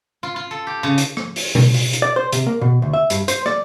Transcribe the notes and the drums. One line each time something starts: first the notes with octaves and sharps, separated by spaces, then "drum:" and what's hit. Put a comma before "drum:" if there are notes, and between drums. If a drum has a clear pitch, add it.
F4
F4
A4
G4
C#3
drum: hi-hat
drum: rim click
drum: open hi-hat
drum: tom B2
drum: open hi-hat
drum: hi-hat
D5
C5
C3, drum: hi-hat
A#3
B2
D2
E5
G2, drum: hi-hat
C5, drum: hi-hat
D5, drum: rim click